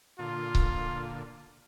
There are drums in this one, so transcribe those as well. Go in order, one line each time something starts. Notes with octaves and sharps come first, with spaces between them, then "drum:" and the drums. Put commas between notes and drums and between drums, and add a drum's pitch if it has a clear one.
A#2 D3 F4
drum: kick C#1